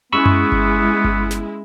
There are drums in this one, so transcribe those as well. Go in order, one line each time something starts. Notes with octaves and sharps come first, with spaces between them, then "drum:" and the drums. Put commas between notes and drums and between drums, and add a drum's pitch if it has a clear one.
G#3 B3 C#4 E4 B5 C#6 E6
drum: tom F#2
drum: kick G1
drum: kick G1
drum: snare